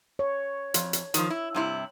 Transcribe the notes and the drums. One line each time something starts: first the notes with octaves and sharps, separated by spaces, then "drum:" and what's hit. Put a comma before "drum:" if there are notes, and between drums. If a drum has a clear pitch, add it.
C#5
F2, drum: hi-hat
drum: hi-hat
D#3 F3, drum: hi-hat
E4
G2 C3 E4